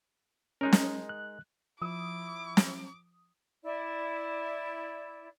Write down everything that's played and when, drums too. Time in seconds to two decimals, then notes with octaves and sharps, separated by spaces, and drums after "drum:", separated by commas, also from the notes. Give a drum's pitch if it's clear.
0.61 G#3 C#4 D#4 A#4
0.73 drum: snare
1.09 F#6
1.82 F3 E4 D6 D#6
2.57 drum: snare
3.63 E4 D5